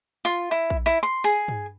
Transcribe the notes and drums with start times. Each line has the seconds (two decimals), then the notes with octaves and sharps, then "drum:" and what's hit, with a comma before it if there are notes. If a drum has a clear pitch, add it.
0.25 F4
0.51 E4
0.70 drum: kick A#1
0.86 E4
1.03 C6
1.24 G#4
1.48 drum: tom